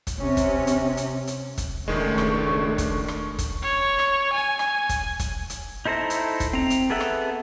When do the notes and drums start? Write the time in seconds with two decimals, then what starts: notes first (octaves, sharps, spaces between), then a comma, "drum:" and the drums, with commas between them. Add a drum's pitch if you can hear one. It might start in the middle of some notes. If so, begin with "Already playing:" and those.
0.07 drum: kick, hi-hat
0.20 C3 C#4
0.37 drum: kick, hi-hat
0.67 drum: hi-hat
0.97 drum: hi-hat
1.27 drum: hi-hat
1.58 drum: kick, hi-hat
1.88 E1 C#2 D#3 G#3 A3 D4 C#6
2.18 drum: rim click
2.78 drum: kick, hi-hat
3.08 drum: rim click
3.39 drum: kick, hi-hat
3.62 C#5
3.99 drum: rim click
4.33 G#5
4.59 drum: rim click
4.89 drum: kick, hi-hat
5.19 drum: kick, hi-hat
5.50 drum: hi-hat
5.85 D#4 E4 A4 C5 A#5
6.10 drum: hi-hat
6.40 drum: kick, hi-hat
6.53 C4 A#5
6.70 drum: hi-hat
6.90 B3 G#4 A4 E5 F#5
7.00 drum: rim click